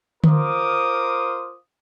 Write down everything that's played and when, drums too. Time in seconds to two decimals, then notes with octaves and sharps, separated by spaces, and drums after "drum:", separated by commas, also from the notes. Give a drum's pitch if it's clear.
0.24 F4 A#4 C5 D6 D#6, drum: tom D3